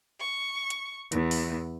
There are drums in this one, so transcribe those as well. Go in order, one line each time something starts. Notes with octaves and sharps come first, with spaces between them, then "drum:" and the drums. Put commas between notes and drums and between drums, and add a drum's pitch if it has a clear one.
C#6
drum: hi-hat
E2, drum: hi-hat
drum: open hi-hat